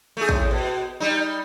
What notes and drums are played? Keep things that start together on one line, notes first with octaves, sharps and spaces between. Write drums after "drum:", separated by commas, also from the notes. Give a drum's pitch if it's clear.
A3 G#4
A2, drum: kick A1
B2
G3 D#4